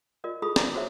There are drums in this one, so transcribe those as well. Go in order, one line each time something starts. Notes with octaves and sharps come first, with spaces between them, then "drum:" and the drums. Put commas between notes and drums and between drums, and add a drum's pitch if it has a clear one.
F4 A#4 D5 D#5
E4 F4 G#4 A4 B5 D#6
D5 A#5 B5 D6, drum: snare
F#4 A#4 C5 C#5 E5